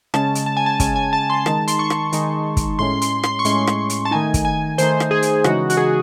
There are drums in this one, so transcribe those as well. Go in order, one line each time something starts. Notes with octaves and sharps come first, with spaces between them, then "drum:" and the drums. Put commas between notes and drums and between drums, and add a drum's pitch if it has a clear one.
C#3 G#3 C#4 A5, drum: rim click
drum: hi-hat
A5
G#5
A5
C#3 G#3 C#4 G#5, drum: kick, hi-hat
G#5
A5
C6
D#3 G#3 D#4 A5, drum: rim click
C6, drum: hi-hat
C#6
drum: rim click
D#3 G#3 D#4, drum: hi-hat
drum: kick, hi-hat
A2 G#3 C#4 C6
C6, drum: hi-hat
C6, drum: rim click
C#6
A2 G#3 C#4 C6, drum: hi-hat
drum: rim click
drum: hi-hat
A5
D#3 A3 D#4 G#5
drum: kick, hi-hat
G#5
D#3 A3 D#4 C5, drum: hi-hat
drum: rim click
G#4
drum: hi-hat
C#3 E3 G#3 D#4 F#4, drum: rim click
F#4, drum: hi-hat
G#4